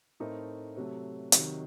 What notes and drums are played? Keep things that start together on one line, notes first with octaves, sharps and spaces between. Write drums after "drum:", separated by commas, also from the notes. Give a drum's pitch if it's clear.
A2 A3 C4 D#4 A#4
C3 F#3 A3
C3 D#3 F#3, drum: hi-hat